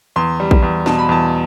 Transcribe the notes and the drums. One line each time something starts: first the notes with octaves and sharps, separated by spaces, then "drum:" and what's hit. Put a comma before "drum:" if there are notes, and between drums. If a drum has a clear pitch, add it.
E2 C6
G3
drum: kick A#1
E2
B2 A5, drum: snare
B5
E2 A5